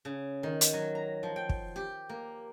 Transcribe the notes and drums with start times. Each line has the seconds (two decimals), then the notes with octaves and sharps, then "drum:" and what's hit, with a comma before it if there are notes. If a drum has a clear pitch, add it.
0.05 C#3
0.43 D#3
0.61 drum: hi-hat
0.73 F#3
0.95 A#5
1.23 F3
1.36 G5
1.49 drum: kick
1.76 G4
2.09 A#3